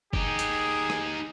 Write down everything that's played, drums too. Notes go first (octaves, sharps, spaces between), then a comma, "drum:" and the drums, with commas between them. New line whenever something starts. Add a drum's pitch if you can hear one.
D#4 G4 G#4, drum: kick
drum: hi-hat
drum: rim click